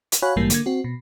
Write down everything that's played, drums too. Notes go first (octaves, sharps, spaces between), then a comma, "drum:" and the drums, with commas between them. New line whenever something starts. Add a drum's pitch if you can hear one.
drum: hi-hat
F#4 C#5 F5 G#5 B5 F#6
A#1 G#2 E3 G3 A#3 C7
D3 A#3 G#6, drum: hi-hat
C4 F#4
B2